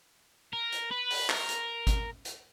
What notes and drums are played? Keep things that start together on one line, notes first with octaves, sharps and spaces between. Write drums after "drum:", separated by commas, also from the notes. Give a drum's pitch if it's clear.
A#4
drum: hi-hat
B4
drum: open hi-hat
A#4, drum: clap
drum: hi-hat
drum: kick G#1, hi-hat
drum: hi-hat